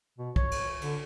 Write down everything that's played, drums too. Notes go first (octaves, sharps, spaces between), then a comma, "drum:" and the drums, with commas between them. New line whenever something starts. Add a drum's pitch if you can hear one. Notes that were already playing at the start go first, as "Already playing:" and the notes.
B2
C#5, drum: kick
drum: cymbal
D3, drum: cymbal